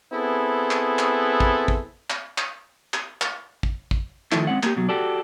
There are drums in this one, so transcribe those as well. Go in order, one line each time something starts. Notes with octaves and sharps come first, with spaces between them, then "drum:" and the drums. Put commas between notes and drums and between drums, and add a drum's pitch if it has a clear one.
B3 C4 E4 G#4 A4
drum: clap
drum: clap
drum: kick
drum: kick
drum: clap
drum: clap
drum: clap
drum: clap
drum: kick
drum: kick
D#3 F3 A3 E4, drum: clap
G#3 C4 C#4 F#5
A#3 G4, drum: clap
B2 F#3
F#4 G4 A4 D5